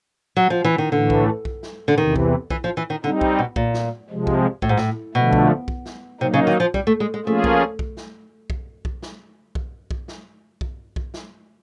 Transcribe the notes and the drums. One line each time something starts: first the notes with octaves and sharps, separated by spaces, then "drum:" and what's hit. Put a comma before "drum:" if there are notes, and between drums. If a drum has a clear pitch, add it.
F#3
F3
E3
D#3
A2 D3 E3 A3
drum: kick B1
drum: kick B1
drum: snare
D3
E2 C3 D#3 E3
drum: kick B1
E3, drum: kick B1
F3
E3
D#3
D3 G3 C4 D#4
drum: kick B1
B2
A#2, drum: kick B1
drum: snare
C3 F3 G#3
drum: kick B1
A2, drum: kick B1
G#2
A2, drum: snare
B2 D3 F3 A3
drum: kick B1
drum: kick B1
drum: snare
C3 F#3 A#3 D#4
C#3
D#3
F3
G3, drum: kick B1
A3
G#3
G#3
F3 A3 A#3 C#4 F4 G#4
drum: kick B1
drum: kick B1
drum: snare
drum: kick B1
drum: kick B1
drum: snare
drum: kick B1
drum: kick B1
drum: snare
drum: kick B1
drum: kick B1
drum: snare